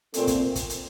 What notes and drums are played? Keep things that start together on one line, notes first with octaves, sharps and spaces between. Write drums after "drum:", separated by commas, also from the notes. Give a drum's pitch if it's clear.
A#2 A3 C4, drum: hi-hat
drum: kick, hi-hat
drum: kick, hi-hat
drum: hi-hat